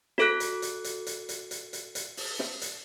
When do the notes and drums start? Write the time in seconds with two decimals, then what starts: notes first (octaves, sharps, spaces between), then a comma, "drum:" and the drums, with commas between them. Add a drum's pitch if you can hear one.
0.18 F#4 A4 F#6, drum: snare
0.40 drum: hi-hat
0.62 drum: hi-hat
0.84 drum: hi-hat
1.07 drum: hi-hat
1.29 drum: hi-hat
1.51 drum: hi-hat
1.73 drum: hi-hat
1.95 drum: hi-hat
2.17 drum: open hi-hat
2.39 drum: snare
2.61 drum: hi-hat